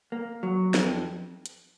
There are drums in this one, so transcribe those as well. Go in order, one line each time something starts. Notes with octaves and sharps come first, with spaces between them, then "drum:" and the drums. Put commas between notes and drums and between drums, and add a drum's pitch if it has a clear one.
A#3
F#3
F2, drum: snare
drum: hi-hat